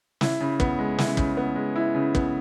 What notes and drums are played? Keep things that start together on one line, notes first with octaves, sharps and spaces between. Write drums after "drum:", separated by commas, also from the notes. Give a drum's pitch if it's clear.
E4, drum: snare
C#3
B3, drum: kick
G#3
E4, drum: snare
C#3, drum: kick
B3
G#3
E4
C#3
B3, drum: kick